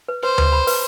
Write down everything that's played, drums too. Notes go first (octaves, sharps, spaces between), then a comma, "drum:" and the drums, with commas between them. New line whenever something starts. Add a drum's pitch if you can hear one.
B4
B4 C5
B4, drum: tom D2
B5
B4, drum: open hi-hat